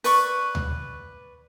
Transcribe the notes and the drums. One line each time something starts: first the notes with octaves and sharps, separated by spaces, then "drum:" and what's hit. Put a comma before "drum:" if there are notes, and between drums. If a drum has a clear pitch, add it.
B4 D5 C#6, drum: open hi-hat
drum: tom D2